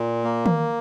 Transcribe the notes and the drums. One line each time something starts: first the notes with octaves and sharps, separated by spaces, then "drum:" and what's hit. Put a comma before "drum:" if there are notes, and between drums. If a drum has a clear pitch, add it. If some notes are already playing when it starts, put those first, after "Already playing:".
Already playing: A#2
A#3
drum: tom D#3